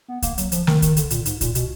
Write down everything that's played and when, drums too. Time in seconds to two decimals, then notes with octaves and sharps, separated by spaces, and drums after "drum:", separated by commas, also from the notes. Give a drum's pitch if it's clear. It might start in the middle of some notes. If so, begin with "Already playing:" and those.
0.08 B3
0.22 A#3, drum: kick C2, hi-hat
0.38 F#3, drum: hi-hat
0.52 F3, drum: hi-hat
0.67 D#3, drum: snare
0.82 D#3, drum: kick C2, hi-hat
0.97 D3, drum: hi-hat
1.10 A#2, drum: hi-hat
1.25 G#2, drum: hi-hat
1.41 A#2, drum: kick C2, hi-hat
1.55 B2, drum: hi-hat